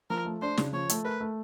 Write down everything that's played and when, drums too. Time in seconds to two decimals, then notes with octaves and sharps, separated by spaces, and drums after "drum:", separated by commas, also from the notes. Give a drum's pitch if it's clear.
0.10 F3 A#4
0.25 A3
0.42 D4 C5
0.57 C#3, drum: snare
0.73 F3 C#5
0.89 A3, drum: hi-hat
1.05 A#4 B4
1.20 A3